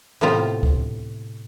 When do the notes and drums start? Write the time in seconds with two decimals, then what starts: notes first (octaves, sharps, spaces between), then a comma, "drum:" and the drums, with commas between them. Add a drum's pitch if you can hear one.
0.21 A2 C3 B3 F4 C5
0.63 drum: kick C#2